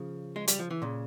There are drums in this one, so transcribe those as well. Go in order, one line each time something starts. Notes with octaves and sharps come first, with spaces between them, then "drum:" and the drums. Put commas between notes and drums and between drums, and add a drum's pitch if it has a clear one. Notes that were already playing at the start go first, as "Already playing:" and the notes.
Already playing: C#3 F3
G#3
G3, drum: hi-hat
F3
E3
A#2 C#3